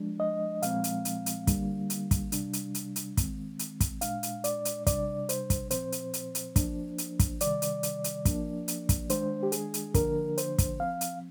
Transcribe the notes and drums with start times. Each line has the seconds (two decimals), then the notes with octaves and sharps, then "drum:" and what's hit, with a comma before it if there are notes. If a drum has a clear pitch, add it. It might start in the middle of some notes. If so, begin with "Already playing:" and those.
Already playing: F3 G#3 D4
0.20 D#5
0.62 A#2 F3 G#3 C4 F5, drum: hi-hat
0.84 drum: hi-hat
1.05 drum: hi-hat
1.26 drum: hi-hat
1.47 D3 G3 A#3 D4, drum: kick, hi-hat
1.90 drum: hi-hat
2.11 drum: kick, hi-hat
2.32 C3 G3 D4, drum: hi-hat
2.53 drum: hi-hat
2.75 drum: hi-hat
2.96 drum: hi-hat
3.17 D#3 G#3 C4, drum: kick, hi-hat
3.59 drum: hi-hat
3.80 drum: kick, hi-hat
4.01 A#2 G#3 D4 F5, drum: hi-hat
4.23 drum: hi-hat
4.44 D5, drum: hi-hat
4.65 drum: hi-hat
4.87 C3 G3 D4 D5, drum: kick, hi-hat
5.29 C5, drum: hi-hat
5.50 drum: kick, hi-hat
5.71 A#2 F3 C4 C5, drum: hi-hat
5.92 drum: hi-hat
6.14 drum: hi-hat
6.35 drum: hi-hat
6.56 F3 A#3 D4, drum: kick, hi-hat
6.98 drum: hi-hat
7.19 drum: kick, hi-hat
7.41 C3 D#3 G3 D5, drum: hi-hat
7.62 drum: hi-hat
7.83 drum: hi-hat
8.04 drum: hi-hat
8.25 F3 A#3 D4, drum: kick, hi-hat
8.68 drum: hi-hat
8.89 drum: kick, hi-hat
9.10 D#3 G#3 D4 C5, drum: hi-hat
9.43 G4
9.52 G#4, drum: hi-hat
9.74 drum: hi-hat
9.94 D3 F3 A#3 D4 A#4, drum: kick, hi-hat
10.38 C5, drum: hi-hat
10.58 drum: kick, hi-hat
10.80 F3 C4 F5
11.01 drum: hi-hat